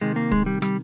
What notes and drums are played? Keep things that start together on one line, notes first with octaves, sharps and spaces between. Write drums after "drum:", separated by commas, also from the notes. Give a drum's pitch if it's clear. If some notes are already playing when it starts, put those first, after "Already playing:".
C3 D#3 G#3
A#3
G#3, drum: kick
G3
G3, drum: rim click